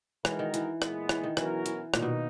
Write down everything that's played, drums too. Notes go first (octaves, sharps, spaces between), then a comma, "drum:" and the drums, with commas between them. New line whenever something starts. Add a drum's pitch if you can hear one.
E3 G#3 D#4 F#4 A#4, drum: rim click
D#3
E3, drum: hi-hat
A#2 G#3 B3, drum: rim click
E3, drum: rim click
D#3
B2 E3 F#3 C#4 F#4 A#4, drum: rim click
E3, drum: hi-hat
A#2 D#3 A#3 D#4, drum: rim click
B2